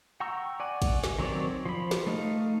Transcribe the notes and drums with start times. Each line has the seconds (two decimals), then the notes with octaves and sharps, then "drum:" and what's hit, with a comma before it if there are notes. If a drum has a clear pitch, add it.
0.20 F#5 G5 A#5 C#6 E6
0.60 D5 F#5 G#5
0.82 drum: kick, cymbal
1.04 drum: snare
1.19 D#3 F#3 C4 C#5 D5
1.66 F3 B5
1.91 drum: snare
2.07 A3 D#4 F5